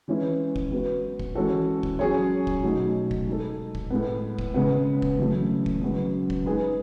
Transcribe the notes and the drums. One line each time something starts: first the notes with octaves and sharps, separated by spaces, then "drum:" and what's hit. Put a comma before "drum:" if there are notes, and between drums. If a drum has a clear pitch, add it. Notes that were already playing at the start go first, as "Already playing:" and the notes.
E3 G#3 C#4 E4 B4
drum: kick
G#3 B3 F#4 B4
drum: kick
E3 G#3 C#4 F#4 A4
drum: kick
F#3 C#4 G#4 C#5
drum: kick
B2 F#3 A3 D#4 F#4
drum: kick
G#3 D#4 A4
drum: kick
A2 G#3 B3
drum: kick
C#3 G#3 B3
drum: kick
F#2 C#3 E3 A3
drum: kick
F#2 C#3 G#3 B3 F#4
drum: kick
G#3 D#4 G#4 B4